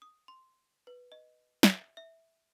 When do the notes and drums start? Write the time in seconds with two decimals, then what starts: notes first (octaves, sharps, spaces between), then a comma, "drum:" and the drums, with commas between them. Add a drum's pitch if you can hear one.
0.02 D#6
0.28 C6
0.87 B4
1.12 D#5
1.63 E5, drum: snare
1.97 E5